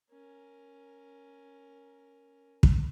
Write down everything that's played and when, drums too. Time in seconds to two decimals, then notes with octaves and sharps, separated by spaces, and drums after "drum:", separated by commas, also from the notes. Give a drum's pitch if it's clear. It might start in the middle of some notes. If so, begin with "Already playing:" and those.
0.10 C#4 A#4
2.63 drum: kick